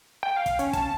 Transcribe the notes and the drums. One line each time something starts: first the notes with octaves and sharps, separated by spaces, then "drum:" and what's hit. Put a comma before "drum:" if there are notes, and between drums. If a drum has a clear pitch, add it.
G5
F5
drum: kick, hi-hat
C#4, drum: hi-hat
A5, drum: kick, hi-hat